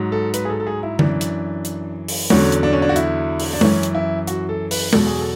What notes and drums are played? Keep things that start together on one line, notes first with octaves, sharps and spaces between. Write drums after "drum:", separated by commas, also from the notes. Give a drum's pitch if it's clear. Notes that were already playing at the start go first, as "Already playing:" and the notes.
Already playing: G#2 F#3
A4
B4, drum: hi-hat
G#4
A4
A4
G#4
E4
F#2 E3 D4, drum: tom D3
drum: hi-hat
drum: hi-hat
drum: open hi-hat
E2 D3 F#3 C#4, drum: tom G#3
drum: hi-hat
D4
C#4
D4
F#4
E4, drum: hi-hat
drum: open hi-hat
D4
F#2 E3 C#4, drum: tom G#3
drum: hi-hat
E4
F#4, drum: hi-hat
A4
B4, drum: open hi-hat
E2 B2 F#3 A4, drum: tom G#3
G#4
A4